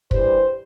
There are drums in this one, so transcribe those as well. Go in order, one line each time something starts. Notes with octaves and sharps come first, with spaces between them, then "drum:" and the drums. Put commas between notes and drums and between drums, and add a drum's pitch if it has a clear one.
G2 E3 G3 C5, drum: kick